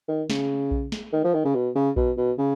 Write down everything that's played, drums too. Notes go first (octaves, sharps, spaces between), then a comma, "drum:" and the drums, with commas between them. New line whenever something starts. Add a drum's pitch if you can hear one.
D#3
C#3, drum: snare
drum: kick A#1
drum: snare
D#3
F3
D#3
C#3
B2
C#3
B2, drum: kick A#1
B2
C#3